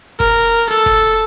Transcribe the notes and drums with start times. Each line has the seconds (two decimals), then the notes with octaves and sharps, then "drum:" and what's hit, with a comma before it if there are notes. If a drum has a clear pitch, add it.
0.20 A#4, drum: kick
0.70 A4
0.86 drum: kick